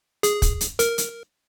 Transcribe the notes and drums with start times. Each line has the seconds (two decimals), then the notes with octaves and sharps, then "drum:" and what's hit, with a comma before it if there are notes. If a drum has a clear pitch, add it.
0.23 G#4, drum: hi-hat
0.42 drum: kick, hi-hat
0.61 drum: hi-hat
0.79 A#4, drum: hi-hat
0.98 drum: hi-hat